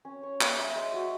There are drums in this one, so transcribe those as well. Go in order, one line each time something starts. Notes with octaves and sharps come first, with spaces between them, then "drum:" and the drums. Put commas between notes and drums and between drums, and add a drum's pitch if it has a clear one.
C#4
C#5
E5, drum: clap
E5
G#3
F#4